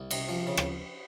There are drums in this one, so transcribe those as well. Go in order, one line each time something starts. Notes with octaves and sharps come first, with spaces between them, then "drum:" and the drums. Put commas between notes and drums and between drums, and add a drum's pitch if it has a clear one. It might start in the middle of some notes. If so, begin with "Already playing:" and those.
Already playing: C2
C3 D#5, drum: cymbal
F3
C#3
drum: rim click